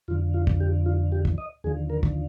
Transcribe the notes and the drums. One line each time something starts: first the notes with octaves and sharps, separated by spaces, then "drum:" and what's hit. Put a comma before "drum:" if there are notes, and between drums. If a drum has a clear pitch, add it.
F2 D3 F3 F4
F4
drum: kick
G4
F4
G4
drum: kick
D#5
D#2 D3 F3 G#4
A#4
drum: kick